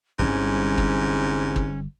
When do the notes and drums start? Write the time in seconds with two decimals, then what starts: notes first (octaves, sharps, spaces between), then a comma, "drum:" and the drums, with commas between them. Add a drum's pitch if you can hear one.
0.19 D1 G1 C2 G#2 C#4
0.78 drum: kick
1.56 drum: kick